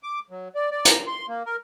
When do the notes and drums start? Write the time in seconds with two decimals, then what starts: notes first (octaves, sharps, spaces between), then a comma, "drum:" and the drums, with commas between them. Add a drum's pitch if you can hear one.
0.03 D6
0.30 F#3
0.55 D5
0.71 D5
0.85 A#5, drum: hi-hat
1.07 C6
1.28 A#3
1.46 A#4